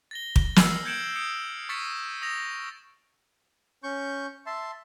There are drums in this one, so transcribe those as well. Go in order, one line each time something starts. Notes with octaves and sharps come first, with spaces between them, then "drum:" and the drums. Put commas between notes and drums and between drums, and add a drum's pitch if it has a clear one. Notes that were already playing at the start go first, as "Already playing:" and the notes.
A6 A#6 G7
drum: kick
E6 F6 C7 C#7 F#7, drum: snare
G6 G#6 C#7 D7 E7 F#7
D#6 C#7 D7
C#6 F6 A6 B6 C#7 E7
D#6 E6 A#6 F7
C#4 C#6 G6
E5 A5 C6